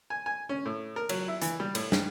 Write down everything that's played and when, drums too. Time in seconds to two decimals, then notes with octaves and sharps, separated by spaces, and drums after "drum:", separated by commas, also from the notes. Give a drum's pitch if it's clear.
0.10 G#5
0.26 G#5
0.49 C#4
0.65 A2
0.96 A#4
1.09 F#3, drum: cymbal
1.28 E4
1.42 E3, drum: hi-hat
1.60 G3
1.75 A2, drum: cymbal
1.92 G2, drum: snare